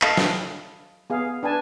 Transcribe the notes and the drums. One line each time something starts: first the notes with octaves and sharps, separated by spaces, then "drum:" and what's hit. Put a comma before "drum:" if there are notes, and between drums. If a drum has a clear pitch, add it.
A4 D#5 F5 A5 B5, drum: clap
drum: snare
B3 G#4 F5
D4 B4 G#5 A5